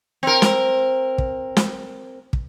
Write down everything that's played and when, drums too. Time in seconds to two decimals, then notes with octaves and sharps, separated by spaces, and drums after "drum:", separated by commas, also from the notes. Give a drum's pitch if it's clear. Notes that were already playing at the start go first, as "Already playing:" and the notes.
0.23 C4 A#4
0.42 drum: snare
1.18 drum: kick
1.57 drum: snare
2.33 drum: kick